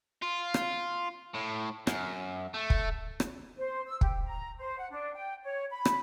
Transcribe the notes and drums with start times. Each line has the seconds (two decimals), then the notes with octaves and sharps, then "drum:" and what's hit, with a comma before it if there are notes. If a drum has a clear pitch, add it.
0.22 F4
0.54 drum: rim click
1.34 A2
1.87 F#2, drum: rim click
2.54 A3
2.70 drum: kick
3.20 drum: rim click
3.58 C5
3.87 E6
4.01 G4, drum: kick
4.25 A#5
4.58 C5
4.78 F#5
4.90 D4
5.13 G5
5.43 C#5
5.70 B5
5.85 drum: rim click